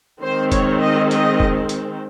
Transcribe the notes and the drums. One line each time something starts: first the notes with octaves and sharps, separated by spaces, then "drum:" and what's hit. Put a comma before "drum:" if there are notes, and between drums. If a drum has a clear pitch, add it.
D#3 G#3 C4 C5
C#5, drum: kick, hi-hat
D#5
D#5, drum: hi-hat
drum: kick
drum: hi-hat